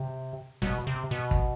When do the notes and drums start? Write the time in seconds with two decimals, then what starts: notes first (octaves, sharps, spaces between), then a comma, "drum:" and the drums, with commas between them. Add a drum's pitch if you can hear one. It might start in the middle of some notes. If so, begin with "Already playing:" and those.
Already playing: C3
0.62 B2, drum: snare
0.87 C3
1.11 B2
1.31 drum: kick